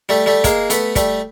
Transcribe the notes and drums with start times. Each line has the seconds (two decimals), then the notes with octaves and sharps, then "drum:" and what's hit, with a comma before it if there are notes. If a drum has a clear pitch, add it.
0.09 G3 A3
0.26 G3 A3
0.44 G#3 A#3, drum: kick, hi-hat
0.70 A3 B3, drum: hi-hat
0.96 G3 A3, drum: kick, hi-hat